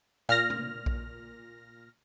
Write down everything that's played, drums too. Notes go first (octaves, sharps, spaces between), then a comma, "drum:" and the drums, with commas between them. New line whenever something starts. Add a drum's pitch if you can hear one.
A#2 F6 A#6, drum: hi-hat
drum: tom
drum: kick A#1